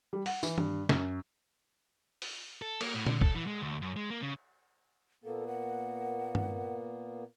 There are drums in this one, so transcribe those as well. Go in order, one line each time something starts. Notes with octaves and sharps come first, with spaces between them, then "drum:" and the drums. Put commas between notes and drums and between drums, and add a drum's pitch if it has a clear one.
G3
F#5, drum: open hi-hat
E3, drum: tambourine
G2, drum: tom D#3
F#2, drum: snare
drum: open hi-hat
A4
A#3, drum: cymbal
A2
D3, drum: tom A#2
A4, drum: kick F1
E3
G#3
D2
F#2
G#3
A#3
C#3
A#2 A#3 B3 A4
F#5
drum: tom G2